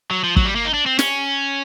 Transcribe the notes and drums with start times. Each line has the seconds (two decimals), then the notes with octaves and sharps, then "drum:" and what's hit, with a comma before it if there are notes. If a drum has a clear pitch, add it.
0.11 F#3
0.24 F3
0.36 F#3, drum: kick
0.45 G3
0.55 A#3
0.65 D#4
0.74 D4
0.86 C4
0.99 C#4, drum: snare